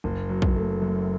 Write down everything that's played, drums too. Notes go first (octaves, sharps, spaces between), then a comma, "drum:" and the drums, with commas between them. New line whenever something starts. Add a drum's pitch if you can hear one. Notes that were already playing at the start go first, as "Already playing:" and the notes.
F#1
F#3
drum: kick
A3
F#2